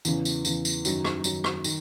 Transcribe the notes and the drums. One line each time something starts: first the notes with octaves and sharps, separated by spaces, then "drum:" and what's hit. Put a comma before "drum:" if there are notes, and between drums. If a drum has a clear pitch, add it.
E2 C#3 E3, drum: tambourine
drum: tambourine
E2 C#3 E3, drum: tambourine
drum: tambourine
F#2 D#3 F#3, drum: tambourine
drum: rim click
F#2 D#3 F#3, drum: tambourine
drum: rim click
D#3, drum: tambourine